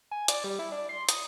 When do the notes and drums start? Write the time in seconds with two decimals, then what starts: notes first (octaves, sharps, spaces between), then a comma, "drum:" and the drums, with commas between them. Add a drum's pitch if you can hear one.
0.11 G#5
0.28 D5, drum: hi-hat
0.44 G3
0.59 E4
0.72 D4
0.89 C6
1.09 D#6, drum: hi-hat